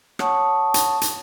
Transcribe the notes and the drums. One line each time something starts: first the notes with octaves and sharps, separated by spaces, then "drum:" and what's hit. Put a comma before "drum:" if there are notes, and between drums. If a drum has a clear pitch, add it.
C#5 F#5 A5 C#6 D#6, drum: rim click
drum: hi-hat
drum: hi-hat